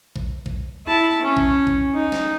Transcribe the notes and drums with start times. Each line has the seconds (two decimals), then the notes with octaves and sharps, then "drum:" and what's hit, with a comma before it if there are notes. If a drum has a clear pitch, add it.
0.16 drum: kick
0.46 drum: kick
0.86 E4 A5
1.21 C#4
1.37 drum: kick
1.67 drum: kick
1.94 D#4
2.12 drum: snare